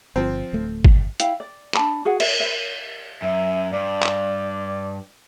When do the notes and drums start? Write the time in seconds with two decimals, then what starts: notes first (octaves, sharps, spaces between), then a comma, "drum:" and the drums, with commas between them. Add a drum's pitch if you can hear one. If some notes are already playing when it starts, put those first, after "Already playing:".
0.16 G1 F3 C4
0.53 D1 A3
0.85 drum: kick
1.20 E4 F5 G5, drum: hi-hat
1.40 D5
1.74 D4 A5 B5, drum: clap
2.05 F#4 G#4 F#5
2.20 E5, drum: cymbal
2.40 B4 C5 E5
3.22 F#2 E5
3.73 G2 D5
4.03 drum: clap